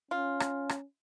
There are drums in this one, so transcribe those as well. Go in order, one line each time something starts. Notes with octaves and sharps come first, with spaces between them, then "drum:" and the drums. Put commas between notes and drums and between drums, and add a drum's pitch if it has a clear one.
C#4 F4
drum: rim click
drum: rim click